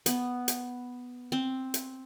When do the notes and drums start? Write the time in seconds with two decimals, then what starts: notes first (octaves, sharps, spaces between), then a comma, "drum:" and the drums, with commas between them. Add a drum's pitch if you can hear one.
0.06 B3, drum: hi-hat
0.48 drum: hi-hat
1.32 C4
1.74 drum: hi-hat